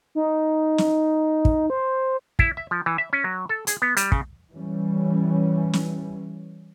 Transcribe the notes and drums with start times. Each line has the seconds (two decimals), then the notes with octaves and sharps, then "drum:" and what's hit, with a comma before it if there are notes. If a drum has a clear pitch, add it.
0.15 D#4
0.78 drum: snare
1.45 drum: kick
1.70 C5
2.39 E4, drum: kick
2.57 E5
2.71 F3
2.86 E3
2.98 E5
3.13 C#4
3.24 F#3
3.49 A4
3.67 G#4, drum: hi-hat
3.82 B3
3.97 G3, drum: hi-hat
4.12 C#3, drum: kick
4.53 E3 G3 C#4
5.73 drum: snare